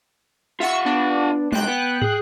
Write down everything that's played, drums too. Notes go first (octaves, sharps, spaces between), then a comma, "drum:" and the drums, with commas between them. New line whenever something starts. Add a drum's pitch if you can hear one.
F4 E5 F#5 C#6
B3 D4
C2 G#2 G5 F#6, drum: tom G#3
B3
G#4, drum: tom